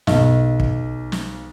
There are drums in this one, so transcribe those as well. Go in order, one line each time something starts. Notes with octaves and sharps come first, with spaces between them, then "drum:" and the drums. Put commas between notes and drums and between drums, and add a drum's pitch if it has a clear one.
B1, drum: snare
drum: kick
drum: snare